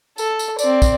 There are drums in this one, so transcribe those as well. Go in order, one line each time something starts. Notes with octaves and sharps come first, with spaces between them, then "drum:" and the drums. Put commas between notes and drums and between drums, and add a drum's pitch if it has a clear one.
A4, drum: tambourine
drum: tambourine
C4 D5, drum: tambourine
drum: kick, tambourine